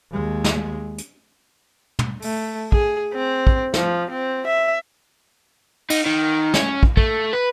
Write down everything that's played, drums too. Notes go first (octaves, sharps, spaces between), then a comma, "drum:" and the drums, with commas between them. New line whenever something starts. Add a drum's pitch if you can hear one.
D#2 G#3
drum: snare
drum: hi-hat
drum: tom
A3, drum: open hi-hat
G#4, drum: kick
C4
drum: kick
F3, drum: snare
C4
E5
D#4, drum: cymbal
D#3
C#4, drum: snare
drum: kick
A3, drum: kick
B4